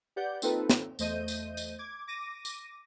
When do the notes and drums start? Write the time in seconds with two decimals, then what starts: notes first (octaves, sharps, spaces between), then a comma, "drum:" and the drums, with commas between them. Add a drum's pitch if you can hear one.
0.16 G4 B4 D5 F#5 G6
0.42 A#3 C4 D#4 F4 A4 B4, drum: tambourine
0.70 drum: snare
0.99 E2 A3 C5 D#5 G6 D#7, drum: tambourine
1.28 drum: tambourine
1.57 drum: tambourine
1.79 D6 G#6
2.07 D6 A#6 D#7
2.45 drum: tambourine